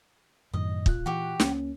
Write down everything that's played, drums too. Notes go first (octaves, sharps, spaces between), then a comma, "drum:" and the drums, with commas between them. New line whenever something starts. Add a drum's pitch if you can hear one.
F#2 A2 D#3 D#5
A#2 F4 F#6, drum: kick
E3 F#4 G4
C#2 A#3 C#4, drum: snare